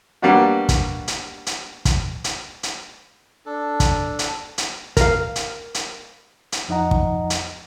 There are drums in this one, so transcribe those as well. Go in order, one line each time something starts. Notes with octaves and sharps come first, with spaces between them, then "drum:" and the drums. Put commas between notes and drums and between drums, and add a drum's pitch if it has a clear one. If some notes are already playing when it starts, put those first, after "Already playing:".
G3 A#3 B3 D4 F#4
drum: kick, hi-hat
drum: hi-hat
drum: hi-hat
drum: kick, hi-hat
drum: hi-hat
drum: hi-hat
D4 A4
drum: kick, hi-hat
drum: hi-hat
drum: hi-hat
A#4 F5, drum: kick, hi-hat
drum: hi-hat
drum: hi-hat
drum: hi-hat
F2 F3 D#4 D#5 F#5 A#5
drum: kick
drum: hi-hat